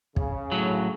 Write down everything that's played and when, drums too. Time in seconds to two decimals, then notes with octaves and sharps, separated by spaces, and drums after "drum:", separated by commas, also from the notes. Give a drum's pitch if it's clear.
0.16 C#3, drum: kick
0.52 A2 F#3